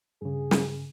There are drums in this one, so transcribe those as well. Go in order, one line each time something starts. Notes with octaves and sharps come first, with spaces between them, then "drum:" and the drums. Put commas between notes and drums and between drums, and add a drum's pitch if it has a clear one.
G2 C#3 G#4
drum: snare